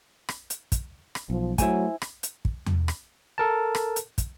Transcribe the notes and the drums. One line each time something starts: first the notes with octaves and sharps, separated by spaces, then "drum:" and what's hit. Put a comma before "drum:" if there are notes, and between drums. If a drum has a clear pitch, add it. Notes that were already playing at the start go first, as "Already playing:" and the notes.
drum: rim click
drum: hi-hat
drum: kick, hi-hat
drum: rim click
B1 F3
F#3 A3 E4 C5 G#5, drum: kick, hi-hat
drum: rim click
drum: hi-hat
drum: kick
drum: tom E2
drum: rim click
A4 A#4 A5
drum: rim click
drum: hi-hat
drum: kick, hi-hat